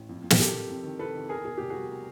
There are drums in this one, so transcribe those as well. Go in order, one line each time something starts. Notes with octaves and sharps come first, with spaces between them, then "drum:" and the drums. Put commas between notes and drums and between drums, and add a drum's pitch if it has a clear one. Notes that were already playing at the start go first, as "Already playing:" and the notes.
Already playing: A1
F2
F2
A#4, drum: snare
C3 G4 A4
C3
F2
D#3
C3 A4 B4
D#3
E2 G#4 A#4
B2 G#4
F1 G4
F#4 G#4
G3